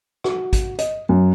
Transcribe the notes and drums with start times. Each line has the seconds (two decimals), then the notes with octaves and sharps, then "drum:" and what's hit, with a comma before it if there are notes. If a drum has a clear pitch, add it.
0.24 F#4, drum: rim click
0.53 drum: kick, hi-hat
0.79 D#5, drum: hi-hat
1.09 F#2